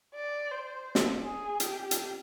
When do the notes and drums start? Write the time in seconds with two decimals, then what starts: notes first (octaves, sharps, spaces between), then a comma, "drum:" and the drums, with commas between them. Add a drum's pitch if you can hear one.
0.14 D5
0.51 C5
0.95 drum: snare
1.23 G#4
1.60 G4, drum: hi-hat
1.91 drum: hi-hat